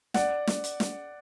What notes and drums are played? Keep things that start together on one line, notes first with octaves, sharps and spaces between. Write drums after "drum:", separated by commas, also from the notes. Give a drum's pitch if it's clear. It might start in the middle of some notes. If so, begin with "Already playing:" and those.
D5 F#5, drum: snare
drum: snare
drum: hi-hat
drum: snare